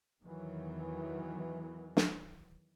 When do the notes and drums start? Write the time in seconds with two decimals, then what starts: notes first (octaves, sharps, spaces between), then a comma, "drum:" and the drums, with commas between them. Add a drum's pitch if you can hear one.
0.23 E2 D#3 E3 F#3
1.97 drum: snare